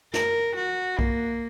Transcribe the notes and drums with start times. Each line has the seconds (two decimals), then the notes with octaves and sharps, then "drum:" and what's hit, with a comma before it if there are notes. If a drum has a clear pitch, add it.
0.14 A#4, drum: snare
0.56 F#4
0.99 A#3, drum: kick B1